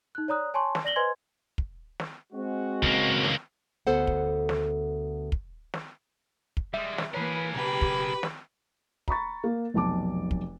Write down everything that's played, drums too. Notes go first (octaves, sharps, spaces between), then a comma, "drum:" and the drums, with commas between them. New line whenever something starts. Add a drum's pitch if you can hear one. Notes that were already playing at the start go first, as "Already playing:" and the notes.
D#4 F#6
C#5 D5 A#5 D#6 F#6
C#5 G#5 A5 C6 C#6
drum: snare
D5 A#6 F#7 G7
B4 C5 D#5 G#5 C6 G#6
drum: kick
drum: snare
G#3 C4 F#4
C#2 A#3, drum: kick
drum: snare
D2 B3 A4 C5 F#5
drum: kick
drum: snare
drum: kick
drum: snare
drum: kick
G3 G#3 E5
drum: snare
E3 A#3 G#4 A#4 B4 C#5
B1 C#3 G4 B4 G5
drum: kick
drum: snare
A#5 B5 C#6 A6, drum: kick
A#3
F1 B1 A5 D6
drum: kick